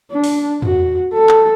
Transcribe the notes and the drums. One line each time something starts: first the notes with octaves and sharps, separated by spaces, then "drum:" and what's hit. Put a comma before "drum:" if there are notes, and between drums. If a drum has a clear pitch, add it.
D4
drum: open hi-hat
F#4, drum: tom
A4
drum: clap